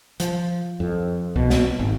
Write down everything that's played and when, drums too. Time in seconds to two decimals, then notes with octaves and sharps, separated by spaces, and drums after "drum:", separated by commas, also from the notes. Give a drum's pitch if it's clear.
0.20 F3, drum: hi-hat
0.80 F2
1.36 B2, drum: kick C2
1.50 drum: snare
1.79 G#1